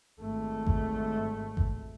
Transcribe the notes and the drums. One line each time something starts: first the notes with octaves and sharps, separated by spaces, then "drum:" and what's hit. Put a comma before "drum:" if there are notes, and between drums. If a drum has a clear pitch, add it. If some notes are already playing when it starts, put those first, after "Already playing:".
G#1 A3
drum: kick G#1
drum: kick G#1